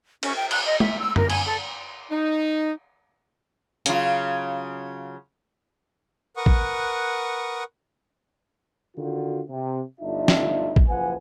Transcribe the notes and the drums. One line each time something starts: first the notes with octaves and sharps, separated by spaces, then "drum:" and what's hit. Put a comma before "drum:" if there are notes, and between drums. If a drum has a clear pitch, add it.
C#4, drum: cymbal
G5
F#6, drum: cymbal
D#5
E5, drum: tom G#3
E6
A#4, drum: tom F#2
G#5, drum: cymbal
A4
D#4
C#3 F#3 F4, drum: hi-hat
A#4 B4 F#5 C#6 D#6
drum: kick
D3 D#3 F4 F#4
C3
G1 D2 D4 D#4 F4 E5
drum: snare
drum: kick
F#1 F3 B4 F#5 G#5